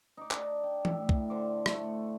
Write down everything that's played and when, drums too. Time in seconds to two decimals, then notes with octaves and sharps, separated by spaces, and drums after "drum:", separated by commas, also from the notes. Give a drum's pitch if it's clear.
0.17 D#4 D6
0.31 D4, drum: clap
0.64 G5
0.85 A2 E5, drum: tom E3
1.09 drum: kick
1.30 D3 C5 D6
1.66 A3, drum: rim click